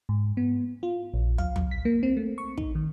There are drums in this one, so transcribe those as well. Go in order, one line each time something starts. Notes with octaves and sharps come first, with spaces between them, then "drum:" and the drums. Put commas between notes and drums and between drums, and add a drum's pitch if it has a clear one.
G#2
B3
F4
A#1
F5, drum: tom
drum: tom
B6
A#3
C4
A3
C#6
D#4, drum: kick
D#3